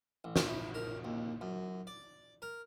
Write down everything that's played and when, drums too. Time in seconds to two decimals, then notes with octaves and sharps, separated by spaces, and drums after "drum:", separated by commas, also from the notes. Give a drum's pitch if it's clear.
0.24 A1
0.36 drum: snare
0.48 E4
0.74 A#4
1.05 D#2
1.41 F#2
1.87 D5
2.42 A#4